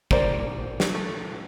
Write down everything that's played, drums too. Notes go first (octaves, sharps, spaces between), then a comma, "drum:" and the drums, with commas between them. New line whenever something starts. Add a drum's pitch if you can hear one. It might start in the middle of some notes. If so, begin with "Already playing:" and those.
G3 A#3 C5 D5, drum: kick
drum: snare
A3